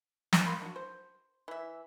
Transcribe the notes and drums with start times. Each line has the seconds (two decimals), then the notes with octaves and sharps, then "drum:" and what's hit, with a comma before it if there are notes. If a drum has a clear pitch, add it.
0.33 drum: snare
0.46 A#3 B5 C6
0.62 D4 F#4
0.76 C5
1.48 E3 E5